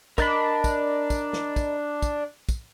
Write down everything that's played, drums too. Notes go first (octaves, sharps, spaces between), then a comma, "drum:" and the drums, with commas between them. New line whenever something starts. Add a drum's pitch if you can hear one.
D4 A#4 D#5 B5, drum: kick, tambourine
drum: kick, tambourine
drum: kick, tambourine
drum: snare
drum: kick, tambourine
drum: kick, tambourine
drum: kick, tambourine